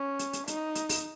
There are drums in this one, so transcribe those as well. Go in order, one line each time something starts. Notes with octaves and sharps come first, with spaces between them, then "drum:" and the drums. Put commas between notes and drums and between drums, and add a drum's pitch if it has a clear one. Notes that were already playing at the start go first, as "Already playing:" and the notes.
Already playing: C#4
drum: hi-hat
drum: hi-hat
D#4, drum: hi-hat
drum: hi-hat
drum: open hi-hat